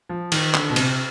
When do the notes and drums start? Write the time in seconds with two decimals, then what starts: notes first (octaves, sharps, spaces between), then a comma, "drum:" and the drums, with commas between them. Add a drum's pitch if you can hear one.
0.09 F3
0.32 D#3, drum: cymbal
0.54 D3, drum: clap
0.70 B2
0.76 C3, drum: cymbal